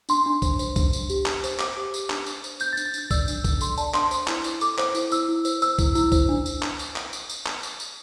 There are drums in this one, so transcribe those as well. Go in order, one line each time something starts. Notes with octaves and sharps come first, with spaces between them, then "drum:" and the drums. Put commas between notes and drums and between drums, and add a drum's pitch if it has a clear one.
D4 C6, drum: tambourine
D4
C5, drum: kick C2, tambourine
C5, drum: tambourine
D4, drum: kick C2, tambourine
D4, drum: tambourine
G4, drum: tambourine
G4, drum: clap
C5, drum: tambourine
C5 D6, drum: clap
G4
G4, drum: tambourine
D4, drum: clap
D4, drum: tambourine
C5, drum: tambourine
C5 G6, drum: tambourine
A6
D4, drum: tambourine
A6
D4 G6, drum: tambourine
D5 E6, drum: kick C2, tambourine
D4, drum: tambourine
D4, drum: kick C2, tambourine
A4 C6, drum: tambourine
D5 A5, drum: tambourine
D4 C6, drum: clap
C5, drum: tambourine
E4, drum: clap
E4, drum: tambourine
A4 D6, drum: tambourine
C5, drum: clap
E4, drum: tambourine
E4 E6, drum: tambourine
E4
C5, drum: tambourine
C5 E6, drum: tambourine
E4, drum: kick C2, tambourine
E4, drum: tambourine
C5, drum: kick C2, tambourine
D4
drum: tambourine
drum: clap
drum: tambourine
drum: clap
drum: tambourine
drum: tambourine
drum: clap
drum: tambourine
drum: tambourine